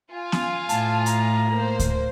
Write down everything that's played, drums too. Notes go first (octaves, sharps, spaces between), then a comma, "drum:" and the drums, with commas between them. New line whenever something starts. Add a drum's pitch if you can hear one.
F4 G#5
drum: snare B3
A2 A5, drum: hi-hat
A#5, drum: hi-hat
A#3 C5
drum: kick D2, hi-hat